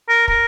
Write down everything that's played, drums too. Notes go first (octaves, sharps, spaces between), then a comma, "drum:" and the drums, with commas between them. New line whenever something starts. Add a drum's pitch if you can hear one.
A#4
A#4, drum: kick